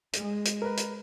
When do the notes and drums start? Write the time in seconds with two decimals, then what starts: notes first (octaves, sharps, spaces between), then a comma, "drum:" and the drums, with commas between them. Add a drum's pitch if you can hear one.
0.13 G#3, drum: hi-hat
0.45 drum: hi-hat
0.62 A#4 B4
0.77 drum: hi-hat